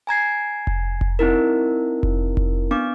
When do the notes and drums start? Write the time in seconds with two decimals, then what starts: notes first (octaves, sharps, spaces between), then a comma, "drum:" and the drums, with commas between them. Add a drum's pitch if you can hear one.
0.07 G#5 A#5 G#6 C7
0.67 drum: kick F1
1.01 drum: kick F1
1.19 C4 D#4 E4 A#4
2.03 drum: kick F1
2.37 drum: kick F1
2.71 B3 D4 D6